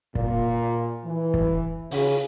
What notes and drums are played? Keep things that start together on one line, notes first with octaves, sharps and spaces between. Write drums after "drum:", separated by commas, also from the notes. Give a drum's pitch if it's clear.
A#2, drum: kick
E3
drum: kick
C#3, drum: open hi-hat